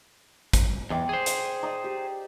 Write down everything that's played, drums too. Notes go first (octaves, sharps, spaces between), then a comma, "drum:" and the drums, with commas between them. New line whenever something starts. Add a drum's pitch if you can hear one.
drum: kick, hi-hat
E2 G5 D6 D#6
G#4 C5
drum: hi-hat
D#4 D5 A#5
G4